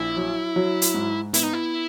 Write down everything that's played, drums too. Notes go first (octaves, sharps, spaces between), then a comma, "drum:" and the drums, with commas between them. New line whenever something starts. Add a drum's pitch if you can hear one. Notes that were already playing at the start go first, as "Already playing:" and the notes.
Already playing: A#1 E4
F#3
F#3
drum: hi-hat
G#2
B3 E4, drum: hi-hat
D#4
E4